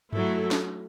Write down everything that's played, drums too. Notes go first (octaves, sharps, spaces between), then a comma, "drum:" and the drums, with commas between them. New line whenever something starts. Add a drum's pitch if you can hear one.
F#3 A3 E4 A4, drum: tom G2
drum: snare